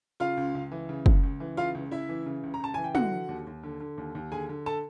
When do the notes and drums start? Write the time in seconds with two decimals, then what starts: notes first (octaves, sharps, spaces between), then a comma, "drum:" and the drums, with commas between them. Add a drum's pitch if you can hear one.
0.20 C#3 F4 F5
0.37 C#2
0.55 C#2
0.71 E3
0.89 C#3
1.06 C#2, drum: kick
1.23 C#2
1.40 E3
1.57 C#3 F4 F5
1.75 C#2
1.91 C#2 E4 E5
2.09 E3
2.26 C#3
2.43 C#2
2.54 A#5
2.60 C#2 A5
2.74 E3 G#5
2.84 G5
2.95 D3 F#4 F#5, drum: tom
3.12 D3
3.29 D#2
3.47 D#2
3.63 D3
3.80 D3
3.98 D#2
4.15 D#2
4.32 D3 G#4 G#5
4.49 D3
4.66 A4 A5